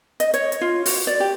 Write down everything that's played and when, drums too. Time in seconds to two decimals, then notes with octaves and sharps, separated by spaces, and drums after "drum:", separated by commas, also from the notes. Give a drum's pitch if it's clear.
0.20 D#5, drum: hi-hat
0.34 C#5, drum: hi-hat
0.52 drum: hi-hat
0.61 F4
0.86 F#4, drum: open hi-hat
1.07 D5
1.20 G4